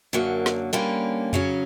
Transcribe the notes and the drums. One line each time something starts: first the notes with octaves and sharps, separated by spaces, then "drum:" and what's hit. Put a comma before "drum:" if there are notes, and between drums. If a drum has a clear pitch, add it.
F#2 D3 F#3 A#3
drum: snare
D3 G3 A#3 C#4
C#3 F#3 C#4, drum: tom F2